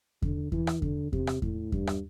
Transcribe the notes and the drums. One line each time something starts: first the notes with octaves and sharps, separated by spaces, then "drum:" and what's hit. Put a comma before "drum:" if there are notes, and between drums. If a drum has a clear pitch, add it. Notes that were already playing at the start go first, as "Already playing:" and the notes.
D3, drum: kick E2
E3, drum: kick E2
drum: rim click
D3, drum: kick E2
C3, drum: kick E2
drum: rim click
A2, drum: kick E2
G2, drum: kick E2
drum: rim click